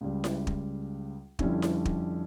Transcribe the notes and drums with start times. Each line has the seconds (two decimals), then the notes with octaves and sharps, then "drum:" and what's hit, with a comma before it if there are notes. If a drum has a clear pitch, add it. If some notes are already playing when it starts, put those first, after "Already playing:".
0.01 C#2 C#3 G3
0.24 drum: snare E4
0.47 drum: kick
1.39 F2 D3 G3 C#4 E4, drum: kick
1.62 drum: snare E4
1.85 drum: kick